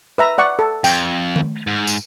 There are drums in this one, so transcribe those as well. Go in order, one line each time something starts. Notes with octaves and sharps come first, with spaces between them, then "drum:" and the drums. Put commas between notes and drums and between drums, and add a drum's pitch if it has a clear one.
B4 E5 A#5
D5 F#5 C#6
A4
F2 G5, drum: tambourine
drum: tom D#3
G#2
drum: tambourine